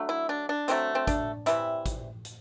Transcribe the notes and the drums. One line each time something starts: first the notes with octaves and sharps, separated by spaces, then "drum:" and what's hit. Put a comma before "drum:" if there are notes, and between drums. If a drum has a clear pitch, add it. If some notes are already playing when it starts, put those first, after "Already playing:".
Already playing: D3 F#3 A3
E4
D4
D4
D3 F#3 A3 C4, drum: hi-hat
C4
D4, drum: kick, hi-hat
C3 E3 G3 E4, drum: hi-hat
drum: kick, hi-hat
drum: hi-hat